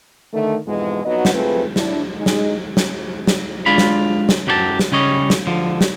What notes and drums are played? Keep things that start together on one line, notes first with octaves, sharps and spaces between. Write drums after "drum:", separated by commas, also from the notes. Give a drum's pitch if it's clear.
D3 D#3 A3
F2 G#2 B2 E3 G#3
F2 F#3 B3 D#4 F#4 D#5
drum: snare
A3 C4 F4 G#4 B4
D4 E4, drum: snare
G#3 D#4
drum: snare
drum: snare
drum: snare
G#3 D4 F4 B5
drum: snare
drum: snare
F#2 F#3 G4 G#4 A5
drum: snare
C#3 G3 C#4 C#5 D#5
drum: snare
D3 F3
drum: snare